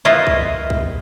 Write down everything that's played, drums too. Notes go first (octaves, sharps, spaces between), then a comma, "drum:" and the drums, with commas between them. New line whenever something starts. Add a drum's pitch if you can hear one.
E4 F4 A#4 B4 D#5 E5
drum: kick C2
drum: kick C2